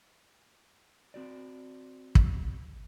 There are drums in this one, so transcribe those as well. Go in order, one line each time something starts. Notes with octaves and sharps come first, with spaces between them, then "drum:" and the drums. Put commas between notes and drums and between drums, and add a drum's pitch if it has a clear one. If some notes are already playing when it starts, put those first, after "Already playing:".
C4 F#4 D5
drum: kick